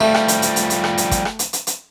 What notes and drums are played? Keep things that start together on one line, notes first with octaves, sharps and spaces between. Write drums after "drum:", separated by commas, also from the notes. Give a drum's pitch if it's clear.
F3 G3 A3
drum: rim click
drum: hi-hat
drum: hi-hat
drum: hi-hat
drum: hi-hat
drum: rim click
drum: hi-hat
drum: kick, hi-hat
drum: rim click
drum: hi-hat
drum: hi-hat
drum: hi-hat